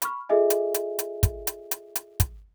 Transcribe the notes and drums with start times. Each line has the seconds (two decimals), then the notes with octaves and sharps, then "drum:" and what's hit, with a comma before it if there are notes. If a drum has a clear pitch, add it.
0.02 B5 C#6 F6, drum: hi-hat
0.29 F4 G#4 A4 D#5 E5 G#5
0.50 drum: hi-hat
0.74 drum: hi-hat
0.99 drum: hi-hat
1.23 drum: kick, hi-hat
1.47 drum: hi-hat
1.71 drum: hi-hat
1.95 drum: hi-hat
2.20 drum: kick, hi-hat